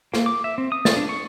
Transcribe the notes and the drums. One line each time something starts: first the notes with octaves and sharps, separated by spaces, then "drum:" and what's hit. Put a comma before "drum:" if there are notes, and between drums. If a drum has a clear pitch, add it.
A#3, drum: snare
D6
E5
C4
D#6
D5, drum: snare
D4
C#6